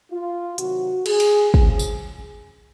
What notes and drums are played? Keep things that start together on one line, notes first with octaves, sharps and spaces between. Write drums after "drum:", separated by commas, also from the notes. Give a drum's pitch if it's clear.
F4
C3 D#3 F#3 F#4, drum: hi-hat
G#4, drum: cymbal
drum: cymbal
C#3 F3 G#4, drum: kick
drum: tambourine